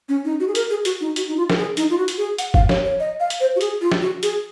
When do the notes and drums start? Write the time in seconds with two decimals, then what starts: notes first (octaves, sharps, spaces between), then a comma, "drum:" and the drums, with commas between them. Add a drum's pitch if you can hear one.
0.09 C#4
0.25 D#4
0.40 F#4
0.48 G#4
0.55 A#4, drum: hi-hat
0.70 G#4
0.85 F#4, drum: hi-hat
1.01 D#4
1.16 F#4, drum: hi-hat
1.28 D#4
1.37 F4
1.50 A#4, drum: snare
1.57 G#4
1.77 D#4, drum: hi-hat
1.90 F4
1.98 F#4
2.08 drum: hi-hat
2.18 G#4
2.38 F#5, drum: hi-hat
2.54 F5, drum: kick
2.69 C#5, drum: snare
2.84 C#5
3.00 D#5
3.20 F5
3.30 drum: hi-hat
3.40 C5
3.56 F#4
3.61 G#4, drum: hi-hat
3.81 F4
3.92 drum: snare
4.02 F#4
4.23 G#4, drum: hi-hat